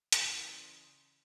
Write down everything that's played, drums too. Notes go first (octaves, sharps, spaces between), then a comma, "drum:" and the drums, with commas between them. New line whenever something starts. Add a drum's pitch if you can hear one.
C#3 E3 D5 C6 D#6, drum: hi-hat